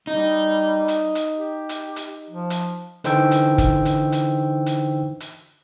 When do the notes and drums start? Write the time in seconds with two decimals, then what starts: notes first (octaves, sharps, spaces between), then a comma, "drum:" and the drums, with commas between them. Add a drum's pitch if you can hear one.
0.07 G3 D#4
0.88 drum: hi-hat
1.15 drum: hi-hat
1.35 G4
1.69 drum: hi-hat
1.96 drum: hi-hat
2.30 F3
2.50 drum: hi-hat
3.04 D3 E3 D#4 C5 G5 E6, drum: hi-hat
3.31 drum: hi-hat
3.58 drum: kick, hi-hat
3.85 drum: hi-hat
4.12 drum: hi-hat
4.66 drum: hi-hat
5.20 drum: hi-hat